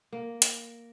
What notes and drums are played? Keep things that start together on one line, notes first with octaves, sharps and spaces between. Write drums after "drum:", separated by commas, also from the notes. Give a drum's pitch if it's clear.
A#3
drum: hi-hat